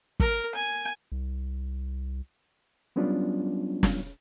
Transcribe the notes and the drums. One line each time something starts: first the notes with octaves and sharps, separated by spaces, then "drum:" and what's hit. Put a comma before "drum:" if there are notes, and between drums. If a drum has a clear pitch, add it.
A#4, drum: kick
G#5
C2
F#3 G3 B3 C#4 D4 F4
drum: snare